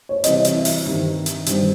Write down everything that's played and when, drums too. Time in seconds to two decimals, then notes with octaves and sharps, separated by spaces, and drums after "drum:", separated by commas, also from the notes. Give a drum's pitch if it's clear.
0.09 C#5
0.24 C3 E3 G3 C4 D#5, drum: hi-hat
0.45 drum: hi-hat
0.55 E5
0.65 drum: open hi-hat
0.85 G2 D#3 G3 C4
1.26 drum: hi-hat
1.46 G2 D#3 G3 C4, drum: hi-hat